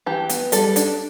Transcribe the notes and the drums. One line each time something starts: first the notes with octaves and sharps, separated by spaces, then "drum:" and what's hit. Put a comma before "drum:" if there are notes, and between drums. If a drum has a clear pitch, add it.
E3 G4
B3, drum: hi-hat
G3 A4, drum: hi-hat
D4, drum: hi-hat